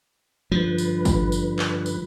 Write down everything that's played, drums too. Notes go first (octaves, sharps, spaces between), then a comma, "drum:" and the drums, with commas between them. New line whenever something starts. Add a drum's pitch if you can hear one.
G2 D3 F3 B4
drum: tambourine
drum: kick G#1, tambourine
drum: tambourine
drum: clap
drum: tambourine